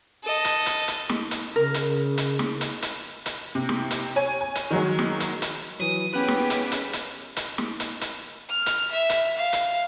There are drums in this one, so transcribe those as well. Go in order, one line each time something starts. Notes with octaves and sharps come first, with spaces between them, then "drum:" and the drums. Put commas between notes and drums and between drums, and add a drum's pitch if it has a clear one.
A4 D#5
drum: hi-hat
drum: hi-hat
drum: hi-hat
drum: snare
drum: hi-hat
C#3 A#4
drum: hi-hat
drum: hi-hat
drum: snare
drum: hi-hat
drum: hi-hat
drum: hi-hat
C3
drum: snare
drum: hi-hat
C#5 G#5
G#5
drum: hi-hat
D#3 F#3 G#3
drum: snare
drum: hi-hat
drum: hi-hat
E3 F#3 D#6
B3 C#4 G4 G#4 B4 G5
drum: snare
drum: hi-hat
drum: hi-hat
drum: hi-hat
drum: hi-hat
drum: snare
drum: hi-hat
drum: hi-hat
F6
drum: hi-hat
E5
drum: hi-hat
F5
drum: hi-hat